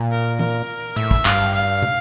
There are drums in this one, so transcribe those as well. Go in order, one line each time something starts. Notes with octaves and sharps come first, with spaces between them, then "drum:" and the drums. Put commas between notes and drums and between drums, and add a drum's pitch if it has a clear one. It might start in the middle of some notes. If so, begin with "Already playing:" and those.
Already playing: A#2
A#4
A#4, drum: tom E3
A2 E5
drum: kick
G2 F5, drum: clap
F5
drum: tom